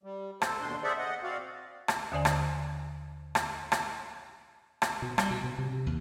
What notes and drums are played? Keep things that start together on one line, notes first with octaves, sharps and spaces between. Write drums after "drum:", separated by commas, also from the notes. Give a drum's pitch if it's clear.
G3
A4 C5, drum: rim click
D#2 B2 D4 C6
G#4 A4 C5 D5 E5 F#5
D#5 F#5
C4 F#4 D5 F5
drum: rim click
D#2 D3 D5 G#5
drum: rim click
drum: rim click
drum: rim click
drum: rim click
B2
G3, drum: rim click
B2
B2
C3
C3
D#2